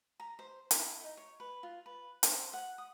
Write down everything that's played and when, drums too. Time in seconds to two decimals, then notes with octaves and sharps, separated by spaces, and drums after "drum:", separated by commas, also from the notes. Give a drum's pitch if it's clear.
0.20 A#5
0.39 C5
0.71 E4, drum: hi-hat
1.04 D#4
1.17 C#5
1.40 B4
1.63 F4
1.86 B4
2.23 C5, drum: hi-hat
2.53 F#5
2.78 D#6